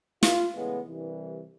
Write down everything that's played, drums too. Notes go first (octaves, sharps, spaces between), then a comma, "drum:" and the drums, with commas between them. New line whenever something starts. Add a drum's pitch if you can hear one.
F4, drum: snare
A2 C#3 E3 G#3 B3
C2 G2 E3